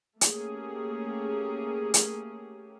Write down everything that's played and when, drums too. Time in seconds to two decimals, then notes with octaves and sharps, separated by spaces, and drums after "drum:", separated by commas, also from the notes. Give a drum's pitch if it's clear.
0.21 A3 A#3 C#4 G4 G#4, drum: hi-hat
1.94 drum: hi-hat